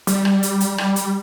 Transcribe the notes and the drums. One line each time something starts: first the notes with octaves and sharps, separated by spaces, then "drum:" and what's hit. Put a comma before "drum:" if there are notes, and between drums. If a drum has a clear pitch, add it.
G3, drum: hi-hat
drum: rim click
drum: hi-hat
drum: hi-hat
drum: rim click
drum: hi-hat